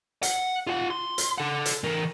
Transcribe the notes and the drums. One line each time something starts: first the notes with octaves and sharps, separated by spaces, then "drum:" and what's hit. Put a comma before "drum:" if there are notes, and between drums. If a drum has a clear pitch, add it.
F#5, drum: hi-hat
F4 F#5
C6
drum: hi-hat
A4 F#5
drum: hi-hat
E3 A#4